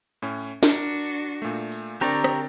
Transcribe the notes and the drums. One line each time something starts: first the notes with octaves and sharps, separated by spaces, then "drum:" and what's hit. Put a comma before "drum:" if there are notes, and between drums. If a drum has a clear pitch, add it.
A2 C#4
D4 F#4 A#4, drum: snare
A#2 A3
drum: open hi-hat
D3 C4 D4 G4 A#4 D5 A#5 C#6
drum: rim click